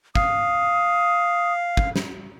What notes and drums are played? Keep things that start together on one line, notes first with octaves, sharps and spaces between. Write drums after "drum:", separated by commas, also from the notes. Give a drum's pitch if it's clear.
F5 D#6, drum: kick
drum: kick
drum: snare